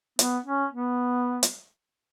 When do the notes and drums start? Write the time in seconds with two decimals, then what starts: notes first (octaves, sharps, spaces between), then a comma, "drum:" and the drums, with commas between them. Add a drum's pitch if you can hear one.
0.19 B3, drum: hi-hat
0.46 C#4
0.73 B3
1.43 drum: hi-hat